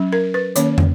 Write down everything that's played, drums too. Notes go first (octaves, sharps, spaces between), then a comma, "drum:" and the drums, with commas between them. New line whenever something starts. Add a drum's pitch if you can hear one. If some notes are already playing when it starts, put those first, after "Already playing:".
Already playing: F#3 C#4
A#4
B4
D#3 A#3 C#4 C#5, drum: hi-hat
drum: tom